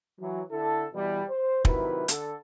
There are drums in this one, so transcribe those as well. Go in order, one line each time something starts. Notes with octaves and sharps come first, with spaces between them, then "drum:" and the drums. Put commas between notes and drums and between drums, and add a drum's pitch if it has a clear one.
E3 F#3
D3 E4 A4
B2 E3 G3
C5
C3 D#3 F#3 E4 B4, drum: kick
D3 A4, drum: hi-hat